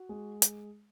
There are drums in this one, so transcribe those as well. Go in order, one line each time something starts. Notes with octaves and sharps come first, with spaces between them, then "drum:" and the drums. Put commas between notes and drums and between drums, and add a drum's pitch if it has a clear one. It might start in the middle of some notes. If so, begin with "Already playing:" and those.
Already playing: F#4
G#3
drum: hi-hat